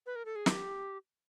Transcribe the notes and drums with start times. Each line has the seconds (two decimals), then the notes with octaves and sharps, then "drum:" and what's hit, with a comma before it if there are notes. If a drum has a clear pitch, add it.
0.06 B4
0.16 A#4
0.25 A4
0.36 G#4
0.46 G4, drum: snare